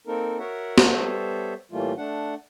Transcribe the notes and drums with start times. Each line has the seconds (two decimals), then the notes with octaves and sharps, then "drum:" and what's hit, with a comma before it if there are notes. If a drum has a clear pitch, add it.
0.07 A#3 C4 D#4 A4 A#4
0.39 F#4 A#4 C#5 E5 F#5
0.78 drum: snare
0.92 G3 B3 A4 C5 C#5 E5
1.72 A2 E3 G3 A3 A#3 F4
1.97 A3 D4 F#5